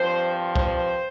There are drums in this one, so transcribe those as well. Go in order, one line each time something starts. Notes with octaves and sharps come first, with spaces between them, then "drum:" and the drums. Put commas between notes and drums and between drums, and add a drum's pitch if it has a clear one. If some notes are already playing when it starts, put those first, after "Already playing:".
Already playing: G2 F3 C4 C5
C5, drum: kick B1